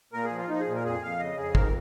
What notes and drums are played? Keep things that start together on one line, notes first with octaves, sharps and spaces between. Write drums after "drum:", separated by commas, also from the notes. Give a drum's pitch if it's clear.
A#2 A#4
G#4
F3
F4
F3 D#4
G#4
A#2
A#4
F2 G#4
F2 F5
C#3 D#5
F2 G#4
G#2 A#4, drum: kick